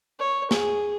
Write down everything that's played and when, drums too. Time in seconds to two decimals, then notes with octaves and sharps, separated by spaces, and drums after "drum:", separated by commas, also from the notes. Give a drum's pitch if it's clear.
0.19 C#5
0.51 G#4, drum: snare